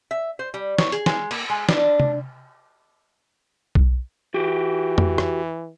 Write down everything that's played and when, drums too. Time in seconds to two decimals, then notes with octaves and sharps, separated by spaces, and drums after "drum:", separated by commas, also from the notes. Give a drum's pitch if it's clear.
0.11 E5
0.39 C5
0.54 G3
0.78 C#5, drum: snare
0.92 G#4, drum: hi-hat
1.06 G#3, drum: snare
1.31 A#3, drum: cymbal
1.50 G#3
1.69 D4, drum: snare
2.00 drum: tom C3
3.75 drum: kick B1
4.34 E3 F#4 G4
4.98 drum: tom
5.18 drum: rim click